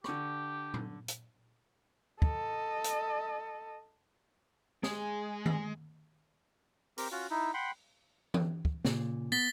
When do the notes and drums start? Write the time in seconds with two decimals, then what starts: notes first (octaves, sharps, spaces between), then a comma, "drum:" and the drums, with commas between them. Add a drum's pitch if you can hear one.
0.04 D3 G4 C#6, drum: rim click
0.74 drum: tom
1.08 drum: hi-hat
2.22 A4 D#5, drum: kick
2.84 drum: hi-hat
4.83 G#3 G#4, drum: snare
5.46 drum: tom D#3
6.98 C4 G4 A#4, drum: open hi-hat
7.12 C#4 F4 F#4
7.31 D#4 E4
7.54 F#5 G5 B5 C6
8.34 drum: tom E3
8.65 drum: kick
8.85 A#2 C#3, drum: snare
9.32 B3 A6 B6 G7